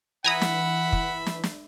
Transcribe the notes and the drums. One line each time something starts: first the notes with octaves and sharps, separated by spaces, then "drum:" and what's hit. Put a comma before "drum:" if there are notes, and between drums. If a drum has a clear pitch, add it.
E3 E5 F#5 G#5 A#5 B5 D#6
drum: snare
drum: kick
drum: snare
drum: snare